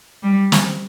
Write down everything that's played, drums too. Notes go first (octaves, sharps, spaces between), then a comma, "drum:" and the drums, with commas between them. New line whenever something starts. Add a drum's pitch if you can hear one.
G3
drum: snare